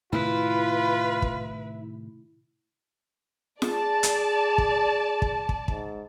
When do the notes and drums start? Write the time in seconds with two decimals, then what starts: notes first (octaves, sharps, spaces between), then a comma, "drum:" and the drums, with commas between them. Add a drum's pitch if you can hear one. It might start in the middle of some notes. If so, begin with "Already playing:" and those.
0.13 A2 C3 D#3 E4 F4 B4
1.22 drum: kick
3.62 G#4 D5 A5, drum: snare F4
4.03 drum: hi-hat
4.58 drum: kick
5.22 drum: kick
5.49 drum: kick
5.68 G#2, drum: kick